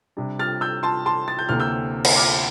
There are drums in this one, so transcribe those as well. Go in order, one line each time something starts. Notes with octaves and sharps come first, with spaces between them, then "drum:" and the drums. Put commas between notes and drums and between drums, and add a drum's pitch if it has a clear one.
C3 G3 D4
F6 A6
E6 G6
A5 C6
A5 C6
A6
G6
D2 C3 E3 A#3 F6
E6 G6
drum: cymbal
D6 F6